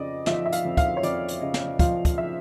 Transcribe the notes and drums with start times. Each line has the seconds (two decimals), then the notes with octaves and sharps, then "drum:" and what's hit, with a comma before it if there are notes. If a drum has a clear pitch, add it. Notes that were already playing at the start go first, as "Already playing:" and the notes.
Already playing: F2 C#3 D5 D#5
0.26 F3 E5, drum: snare
0.46 E5
0.52 F5, drum: hi-hat
0.65 F2
0.77 F5, drum: kick, hi-hat
0.97 C#5
1.03 F2 D5, drum: hi-hat
1.29 drum: hi-hat
1.41 C#3 D#5
1.54 drum: snare
1.79 F3 F5, drum: kick, hi-hat
2.05 drum: kick, hi-hat
2.18 E5